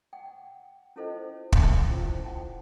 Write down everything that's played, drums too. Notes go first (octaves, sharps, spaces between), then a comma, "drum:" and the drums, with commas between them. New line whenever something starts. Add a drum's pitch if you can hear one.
F#5 G5
C#4 E4 F4 A4 C5 D#5
A4 G5 G#5, drum: kick
C#4 E4 F4 C5
F#5 G5 A5